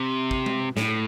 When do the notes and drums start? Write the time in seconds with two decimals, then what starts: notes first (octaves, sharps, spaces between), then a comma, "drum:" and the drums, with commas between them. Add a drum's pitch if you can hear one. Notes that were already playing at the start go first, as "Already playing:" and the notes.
Already playing: C3
0.31 drum: kick
0.46 drum: tom G#3
0.77 A2, drum: snare